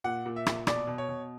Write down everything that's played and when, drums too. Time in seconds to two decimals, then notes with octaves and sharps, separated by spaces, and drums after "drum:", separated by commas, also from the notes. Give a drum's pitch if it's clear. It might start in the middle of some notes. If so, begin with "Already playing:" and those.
0.04 A#2 F#5
0.26 A#2
0.36 E5
0.46 A#2, drum: rim click
0.67 B2 D5, drum: rim click
0.87 B2
0.98 C#5
1.09 B2